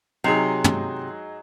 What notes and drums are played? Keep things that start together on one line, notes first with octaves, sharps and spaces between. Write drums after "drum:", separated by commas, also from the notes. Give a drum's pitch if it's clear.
C3 F#3 D#4 G#4
drum: tom